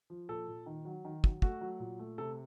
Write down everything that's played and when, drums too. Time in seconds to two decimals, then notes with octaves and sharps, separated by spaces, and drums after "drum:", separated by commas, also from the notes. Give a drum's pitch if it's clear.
0.10 F3
0.29 A#2 A4
0.48 A#2
0.66 D#3
0.85 F#3
1.05 D#3
1.24 F#3, drum: kick
1.42 A3 F#4, drum: kick
1.61 F#3
1.80 A#2
1.99 A3
2.18 C3 A4